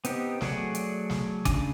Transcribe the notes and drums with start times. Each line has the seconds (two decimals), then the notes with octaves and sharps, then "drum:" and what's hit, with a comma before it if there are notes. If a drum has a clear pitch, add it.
0.05 B3 C4 D#4 G4, drum: hi-hat
0.41 F#3 A3 G#4 D5 F#5, drum: snare
0.75 drum: hi-hat
1.10 drum: snare
1.45 C#3 D4 G#5 D6, drum: kick, hi-hat